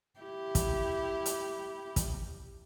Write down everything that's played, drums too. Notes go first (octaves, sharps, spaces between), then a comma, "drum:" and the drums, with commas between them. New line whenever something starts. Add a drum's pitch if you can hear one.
E4 G4
drum: kick, hi-hat
drum: hi-hat
drum: kick, hi-hat